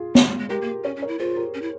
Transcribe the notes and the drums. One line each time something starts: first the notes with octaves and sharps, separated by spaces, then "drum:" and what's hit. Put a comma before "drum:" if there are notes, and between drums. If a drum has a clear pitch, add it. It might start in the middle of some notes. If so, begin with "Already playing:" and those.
Already playing: F4 G#4
G#3, drum: snare B3
G3
G#3
G#3 G4 A#4
A#3
C#4 C#5
C#4
A#4 C#5
E4
F4 G#4 C5
G4 A#4
C#4
E4